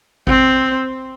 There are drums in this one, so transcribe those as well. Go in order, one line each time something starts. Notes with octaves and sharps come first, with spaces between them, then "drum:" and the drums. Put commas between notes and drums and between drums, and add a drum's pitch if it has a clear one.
C4, drum: kick G#1